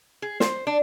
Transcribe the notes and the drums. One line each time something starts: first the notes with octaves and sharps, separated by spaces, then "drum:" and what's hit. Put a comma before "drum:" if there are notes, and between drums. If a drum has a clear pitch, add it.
G#4
C5, drum: snare
D4